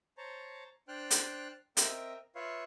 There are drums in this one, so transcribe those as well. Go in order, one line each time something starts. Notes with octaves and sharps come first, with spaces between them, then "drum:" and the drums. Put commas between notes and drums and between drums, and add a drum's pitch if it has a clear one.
C5 C#5 A5 A#5
D4 C5 G5 F6 F#6
drum: hi-hat
C4 A#4 D#5 E5 G5, drum: hi-hat
F4 B4 C#5 E5 F5